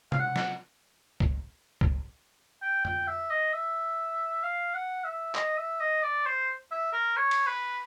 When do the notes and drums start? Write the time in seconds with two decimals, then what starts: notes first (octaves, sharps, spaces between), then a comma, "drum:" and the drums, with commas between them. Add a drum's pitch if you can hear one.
0.12 F5, drum: tom C3
0.20 F#5
0.36 drum: snare
1.20 drum: kick C#2
1.81 drum: kick C#2
2.62 G5
2.85 G5, drum: tom F2
3.07 E5
3.30 D#5
3.53 E5
4.43 F5
4.74 F#5
5.04 E5
5.35 D#5, drum: clap
5.58 E5
5.80 D#5
6.03 D5
6.26 C5
6.71 E5
6.93 A#4
7.17 C#5
7.31 drum: cymbal
7.47 B4